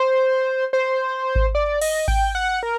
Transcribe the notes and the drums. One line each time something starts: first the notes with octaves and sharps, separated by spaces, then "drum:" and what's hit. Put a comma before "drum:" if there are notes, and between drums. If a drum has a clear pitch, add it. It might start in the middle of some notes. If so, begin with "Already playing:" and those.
Already playing: C5
C5
drum: kick G#1
D5
D#5, drum: cymbal
G5, drum: kick G#1
F#5
A#4